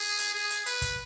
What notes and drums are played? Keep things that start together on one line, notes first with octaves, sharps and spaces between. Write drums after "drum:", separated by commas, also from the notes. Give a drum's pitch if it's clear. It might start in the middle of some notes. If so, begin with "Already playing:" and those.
Already playing: G#4
drum: hi-hat
G#4
drum: hi-hat
B4, drum: hi-hat
drum: kick, hi-hat